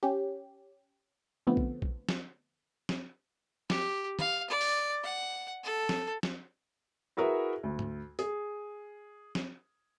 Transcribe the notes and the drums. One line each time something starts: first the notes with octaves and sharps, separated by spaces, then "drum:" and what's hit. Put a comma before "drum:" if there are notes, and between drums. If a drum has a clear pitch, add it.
C#4 G4
D3 F3 A3 B3 C4
drum: kick A#1
drum: kick A#1
drum: snare
drum: snare
G4, drum: snare
F5, drum: tom
D5
drum: open hi-hat
F#5
A4
drum: snare
drum: snare
E4 F#4 G#4 A#4 B4 E5
D2
drum: tom
G#4, drum: hi-hat
drum: snare